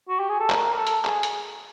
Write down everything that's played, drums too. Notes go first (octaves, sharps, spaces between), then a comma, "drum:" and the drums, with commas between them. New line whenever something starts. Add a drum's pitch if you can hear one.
F#4
G4
G#4
A4
A#4, drum: clap
A#4
A4
drum: hi-hat
G#4, drum: clap
drum: hi-hat